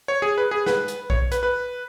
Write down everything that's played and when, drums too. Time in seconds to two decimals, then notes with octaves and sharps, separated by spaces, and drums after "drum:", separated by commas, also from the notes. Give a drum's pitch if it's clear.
0.08 C#5
0.22 G#4
0.38 B4
0.51 G#4
0.66 B4, drum: snare
0.88 drum: hi-hat
1.10 C#5, drum: kick B1
1.32 B4, drum: hi-hat
1.43 B4